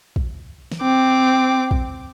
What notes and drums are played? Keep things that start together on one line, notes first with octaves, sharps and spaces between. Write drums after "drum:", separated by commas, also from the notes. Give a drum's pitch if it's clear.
drum: kick
drum: snare
C4 D6
drum: kick